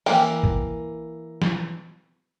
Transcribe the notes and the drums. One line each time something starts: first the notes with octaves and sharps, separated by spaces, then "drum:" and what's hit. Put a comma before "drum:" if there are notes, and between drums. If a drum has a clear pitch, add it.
E3 A#3 G5, drum: open hi-hat
drum: kick
drum: snare